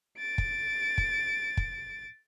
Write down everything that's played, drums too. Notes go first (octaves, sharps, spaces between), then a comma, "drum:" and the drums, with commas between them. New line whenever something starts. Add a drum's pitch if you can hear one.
A6 D7
drum: kick
drum: kick
drum: kick